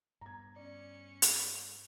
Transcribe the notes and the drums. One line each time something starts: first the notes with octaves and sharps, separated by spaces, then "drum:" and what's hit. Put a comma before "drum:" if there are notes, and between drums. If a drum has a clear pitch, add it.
G2 B3 A#5 G#6
C#4 D5 C#7
drum: hi-hat